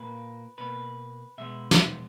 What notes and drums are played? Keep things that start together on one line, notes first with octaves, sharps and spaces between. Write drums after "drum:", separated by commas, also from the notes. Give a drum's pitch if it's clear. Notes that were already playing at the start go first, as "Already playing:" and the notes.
Already playing: A#2 A#3 B4
B2 A#3 B4
B2 G#3 B3 E5
drum: snare